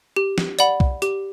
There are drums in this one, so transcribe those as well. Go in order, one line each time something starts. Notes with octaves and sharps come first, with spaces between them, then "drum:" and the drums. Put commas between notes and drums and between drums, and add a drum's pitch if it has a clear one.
G4
drum: snare
D5 F#5 B5, drum: hi-hat
drum: kick B1
G4, drum: hi-hat